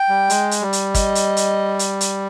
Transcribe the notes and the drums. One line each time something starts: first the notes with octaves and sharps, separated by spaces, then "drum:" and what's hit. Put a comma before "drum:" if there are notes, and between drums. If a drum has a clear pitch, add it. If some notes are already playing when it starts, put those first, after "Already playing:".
Already playing: G5
G3
G#3, drum: hi-hat
drum: hi-hat
G3
drum: hi-hat
D#5, drum: kick, hi-hat
drum: hi-hat
drum: hi-hat
drum: hi-hat
drum: hi-hat